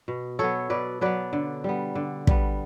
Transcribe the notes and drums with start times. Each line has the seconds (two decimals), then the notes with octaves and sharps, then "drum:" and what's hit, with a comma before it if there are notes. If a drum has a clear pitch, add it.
0.08 B2
0.39 F#3 B3 A4 C#5
0.70 B2 B4 D5
1.01 F#3 B3 B4 D5
1.33 D3
1.64 G3 B3
1.95 D3
2.27 G3 B3, drum: kick